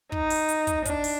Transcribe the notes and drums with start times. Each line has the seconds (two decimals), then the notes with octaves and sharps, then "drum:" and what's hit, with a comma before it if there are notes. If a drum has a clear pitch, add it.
0.12 D#4, drum: kick
0.30 drum: open hi-hat
0.49 drum: hi-hat
0.67 drum: kick, hi-hat
0.85 D4, drum: kick, hi-hat
1.04 drum: open hi-hat